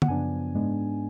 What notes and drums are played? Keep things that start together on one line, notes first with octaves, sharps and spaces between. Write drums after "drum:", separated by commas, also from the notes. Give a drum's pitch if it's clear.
F#5, drum: tom
F#2 C#3 F3 B3 D4 G#5
G#2 G#3 B3 D4